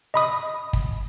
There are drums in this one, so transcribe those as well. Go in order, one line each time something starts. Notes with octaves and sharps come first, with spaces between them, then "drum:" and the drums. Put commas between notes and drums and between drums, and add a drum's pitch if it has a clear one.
D#5 B5 D#6
drum: kick